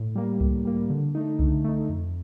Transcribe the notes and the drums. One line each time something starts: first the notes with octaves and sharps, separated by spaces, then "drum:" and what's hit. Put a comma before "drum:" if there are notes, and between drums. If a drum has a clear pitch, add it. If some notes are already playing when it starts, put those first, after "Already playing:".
Already playing: A2
G3 A#3
A2, drum: kick C2
G3 A#3
D3
A3 D#4
D3, drum: kick C2
A3 D#4
F2